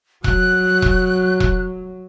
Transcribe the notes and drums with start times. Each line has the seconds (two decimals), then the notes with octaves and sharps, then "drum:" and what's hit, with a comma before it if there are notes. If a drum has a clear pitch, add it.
0.24 F#3 F#6, drum: kick E1
0.82 drum: kick E1
1.40 drum: kick E1